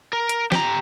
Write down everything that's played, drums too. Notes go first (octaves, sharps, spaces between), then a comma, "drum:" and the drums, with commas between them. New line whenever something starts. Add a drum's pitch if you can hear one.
A#4
drum: hi-hat
G4 A#5, drum: snare